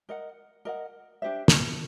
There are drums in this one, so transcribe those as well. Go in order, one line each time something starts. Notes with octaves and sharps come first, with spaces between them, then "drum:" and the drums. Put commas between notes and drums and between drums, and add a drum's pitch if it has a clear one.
A#4 D#5 F#5
A#4 D#5 F#5
D4 G4 C5 E5
drum: snare